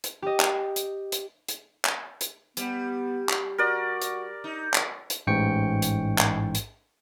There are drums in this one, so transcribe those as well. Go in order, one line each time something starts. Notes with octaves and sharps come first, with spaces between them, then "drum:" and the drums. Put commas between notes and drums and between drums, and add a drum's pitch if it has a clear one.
drum: hi-hat
G4 D#5
drum: clap
drum: hi-hat
drum: hi-hat
drum: hi-hat
drum: clap
drum: hi-hat
G3 B3, drum: hi-hat
drum: clap
F#4 A#4 D5
drum: hi-hat
D#4
drum: clap
drum: hi-hat
A1 G#2 G5 C#6 C#7
drum: hi-hat
drum: clap
drum: hi-hat